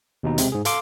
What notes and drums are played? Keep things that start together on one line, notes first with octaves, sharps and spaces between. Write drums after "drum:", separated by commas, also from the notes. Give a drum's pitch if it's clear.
D#2 B2 D#4
C3 G#3 C4, drum: hi-hat
G#2 G#4
A4 F5 C6 D6, drum: hi-hat